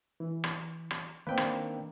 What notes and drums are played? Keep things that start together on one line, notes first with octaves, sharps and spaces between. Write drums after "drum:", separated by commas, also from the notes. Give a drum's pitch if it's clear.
E3
drum: rim click
drum: rim click
D#3 A#3 C4 D4 B4 G5
drum: rim click